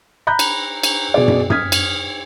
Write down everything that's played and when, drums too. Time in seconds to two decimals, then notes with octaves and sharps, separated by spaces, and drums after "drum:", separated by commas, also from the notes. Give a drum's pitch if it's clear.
0.27 A#5 B5 F#6 G6
0.39 drum: cymbal
0.83 drum: cymbal
1.14 B2 G#4 D5
1.28 drum: tom
1.50 D#6 F6 G#6 B6, drum: tom
1.72 drum: cymbal